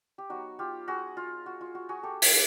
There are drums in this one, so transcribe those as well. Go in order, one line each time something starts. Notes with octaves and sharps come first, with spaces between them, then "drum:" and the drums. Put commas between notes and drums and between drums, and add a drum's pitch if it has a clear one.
G4
F#3 B3 D#4 F#4
F4 G4
F#4 G#4
F4
F#4
F4
F#4
F#4 G#4
G4 A4
drum: open hi-hat